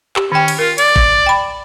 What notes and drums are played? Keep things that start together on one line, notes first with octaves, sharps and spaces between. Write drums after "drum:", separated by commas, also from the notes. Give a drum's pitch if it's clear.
G4, drum: clap
D#3 C#4 G5
drum: cymbal
F4 A#4
D5, drum: cymbal
drum: kick
G5 B5